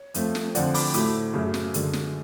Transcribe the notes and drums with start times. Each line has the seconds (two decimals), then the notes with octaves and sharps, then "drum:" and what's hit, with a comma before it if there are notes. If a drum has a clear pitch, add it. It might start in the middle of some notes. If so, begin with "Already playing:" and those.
Already playing: C#5
0.14 F2 F3 A3, drum: hi-hat
0.35 drum: snare
0.55 F2 D3 F3 D5 F#5, drum: hi-hat
0.74 B5 D6, drum: open hi-hat
0.94 A2 F#3 A3 B5 D6, drum: hi-hat
1.34 F#2 C#3 F#3 A3
1.54 drum: snare
1.74 F#2 D3 G#3, drum: hi-hat
1.93 drum: snare